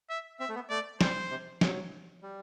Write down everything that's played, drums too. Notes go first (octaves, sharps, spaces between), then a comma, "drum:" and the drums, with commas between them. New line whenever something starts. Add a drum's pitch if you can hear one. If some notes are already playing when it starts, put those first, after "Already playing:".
E5
C4 E5
A3
B3
A3 D5
G3 C5, drum: snare
C3
F#3, drum: snare
G3